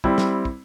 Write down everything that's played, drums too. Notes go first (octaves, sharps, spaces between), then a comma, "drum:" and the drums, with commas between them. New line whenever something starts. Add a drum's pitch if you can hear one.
G3 C4 E4, drum: kick
drum: snare
drum: kick